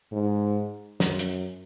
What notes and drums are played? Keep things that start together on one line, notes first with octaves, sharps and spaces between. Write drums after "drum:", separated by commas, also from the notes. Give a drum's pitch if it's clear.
G#2
F#2, drum: snare
drum: hi-hat